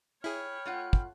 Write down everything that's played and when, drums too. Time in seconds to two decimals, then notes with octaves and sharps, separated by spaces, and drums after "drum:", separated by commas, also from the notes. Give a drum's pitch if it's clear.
0.24 E4 G#4 C#5 G5 B5 F6
0.66 A3 F4 F#5
0.93 drum: kick